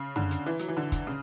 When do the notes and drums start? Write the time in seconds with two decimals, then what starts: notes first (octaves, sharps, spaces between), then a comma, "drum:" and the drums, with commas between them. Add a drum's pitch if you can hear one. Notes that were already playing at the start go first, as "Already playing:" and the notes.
Already playing: C#3
0.16 D3, drum: tom F#2
0.31 drum: hi-hat
0.46 E3
0.59 F#3, drum: hi-hat
0.68 E3
0.77 D3
0.92 drum: kick, hi-hat
1.07 C#3